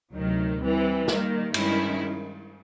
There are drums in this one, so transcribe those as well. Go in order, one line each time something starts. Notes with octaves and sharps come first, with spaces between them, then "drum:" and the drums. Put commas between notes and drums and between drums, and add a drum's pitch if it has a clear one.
D2 C3 D#3 F#3
E3 G3 C4
D#3 G3 A#3, drum: snare
G2 D#3 G#3 C#4 E4, drum: cymbal